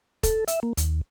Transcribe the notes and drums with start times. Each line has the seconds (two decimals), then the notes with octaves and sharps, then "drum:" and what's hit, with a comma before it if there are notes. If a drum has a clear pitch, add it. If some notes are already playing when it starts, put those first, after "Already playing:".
0.23 A4, drum: kick E1, hi-hat
0.48 E5, drum: hi-hat
0.63 A#3
0.77 D#2, drum: hi-hat